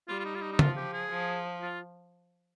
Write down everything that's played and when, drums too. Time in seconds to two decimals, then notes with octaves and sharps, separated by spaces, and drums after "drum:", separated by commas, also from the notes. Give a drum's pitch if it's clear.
0.08 G3 F4
0.19 F4
0.25 D#4
0.35 F4
0.41 D#4
0.52 D#4
0.59 F3 F4, drum: tom C#3
0.77 G4
0.93 G#4
1.10 F3
1.62 F4